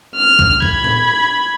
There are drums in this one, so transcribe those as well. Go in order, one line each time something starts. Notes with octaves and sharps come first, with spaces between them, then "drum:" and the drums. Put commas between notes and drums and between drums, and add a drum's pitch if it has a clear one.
F6
drum: kick
B5 G#6, drum: kick
drum: tom A2